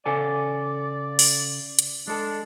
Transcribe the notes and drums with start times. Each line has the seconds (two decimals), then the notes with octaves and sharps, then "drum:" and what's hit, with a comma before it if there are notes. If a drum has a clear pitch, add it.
0.06 C#3 A4 D5 G#5
0.20 D5
1.19 drum: open hi-hat
1.79 drum: hi-hat
2.07 G#3 D4 A4